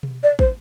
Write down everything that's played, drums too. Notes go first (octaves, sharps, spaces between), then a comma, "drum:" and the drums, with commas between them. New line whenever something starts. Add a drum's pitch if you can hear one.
drum: tom B2
D5
C5, drum: kick